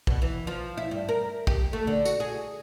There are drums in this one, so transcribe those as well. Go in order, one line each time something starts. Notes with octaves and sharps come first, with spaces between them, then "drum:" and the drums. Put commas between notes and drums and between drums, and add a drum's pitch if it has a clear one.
B2, drum: kick
E3
F3
E4
G2
A#4
G4, drum: kick
A3
D3
F#4, drum: tambourine
G#4